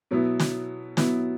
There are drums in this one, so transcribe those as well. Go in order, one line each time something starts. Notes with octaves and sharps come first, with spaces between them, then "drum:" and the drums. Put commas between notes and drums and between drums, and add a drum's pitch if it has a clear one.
B2 F#3 B3 E4
drum: snare
B2 F#3 B3 E4, drum: snare